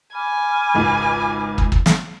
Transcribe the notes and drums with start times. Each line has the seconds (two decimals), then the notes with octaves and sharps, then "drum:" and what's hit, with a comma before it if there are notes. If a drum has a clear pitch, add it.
0.14 G#5 B5 D6 F6
0.74 G#1 C#2 D#4
1.58 drum: kick
1.72 drum: kick
1.86 drum: snare